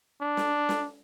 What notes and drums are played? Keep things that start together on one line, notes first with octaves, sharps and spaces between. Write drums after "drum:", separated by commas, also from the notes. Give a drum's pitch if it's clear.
D4
drum: snare
drum: snare